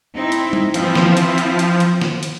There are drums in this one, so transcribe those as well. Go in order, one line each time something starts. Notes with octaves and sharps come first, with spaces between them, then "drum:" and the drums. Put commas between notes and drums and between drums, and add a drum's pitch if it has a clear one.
C4 D#4 E4
drum: hi-hat
drum: tom G3
E3 F3 C4 E4, drum: hi-hat
drum: snare
drum: hi-hat
drum: hi-hat
drum: hi-hat
drum: hi-hat
drum: snare
drum: hi-hat